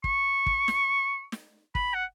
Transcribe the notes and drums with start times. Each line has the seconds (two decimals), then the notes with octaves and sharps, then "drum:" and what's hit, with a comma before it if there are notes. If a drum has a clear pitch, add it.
0.04 C#6, drum: kick
0.46 drum: kick
0.68 drum: snare
1.32 drum: snare
1.75 B5, drum: kick
1.94 F#5